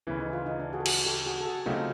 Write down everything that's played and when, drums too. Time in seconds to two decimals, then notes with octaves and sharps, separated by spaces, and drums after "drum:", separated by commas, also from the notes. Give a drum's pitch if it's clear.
0.07 D2 C#3 E3 E4
0.20 D#4
0.33 F4
0.46 D#4
0.60 D4
0.73 F#4 G#4
0.80 A4
0.86 F#4 G#4, drum: cymbal
1.06 G4 A4
1.26 F#4 G#4
1.41 A4
1.46 F#4 G#4
1.66 C#3 F#3 A3 C4 D#4 F4 G4